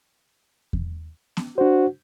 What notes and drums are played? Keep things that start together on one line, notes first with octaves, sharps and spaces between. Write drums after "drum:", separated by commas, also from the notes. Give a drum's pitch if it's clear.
drum: kick E2
drum: snare B3
D4 F#4 C5